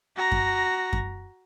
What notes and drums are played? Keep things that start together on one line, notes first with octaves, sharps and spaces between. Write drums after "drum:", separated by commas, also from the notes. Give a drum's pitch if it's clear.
F#4 A#5
drum: kick F#2
drum: kick F#2